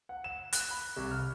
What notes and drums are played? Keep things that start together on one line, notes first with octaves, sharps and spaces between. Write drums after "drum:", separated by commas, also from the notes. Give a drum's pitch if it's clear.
F#5
E7
F#6, drum: hi-hat
B5
C2
F6